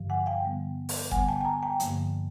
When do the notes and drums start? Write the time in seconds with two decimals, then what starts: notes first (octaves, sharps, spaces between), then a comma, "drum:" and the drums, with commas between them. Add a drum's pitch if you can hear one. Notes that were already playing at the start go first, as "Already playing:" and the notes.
Already playing: G2 D3 F3
0.10 F#5 G#5
0.26 F5 G5
0.44 D3 G3 B3
0.89 drum: open hi-hat
1.11 D3 G3 B3 F#5 G#5, drum: kick G1
1.28 G5 A5
1.41 A5
1.45 G#5 A#5
1.63 G5 A5
1.80 G2 D3 F3 A#3, drum: hi-hat